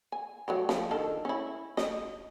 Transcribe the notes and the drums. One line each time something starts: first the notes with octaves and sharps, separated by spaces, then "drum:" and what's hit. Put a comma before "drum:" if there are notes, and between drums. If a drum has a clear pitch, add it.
G#5
F#3 A3 G4
F3, drum: snare
D#3 D4 A4
C#4 E4
D#5, drum: snare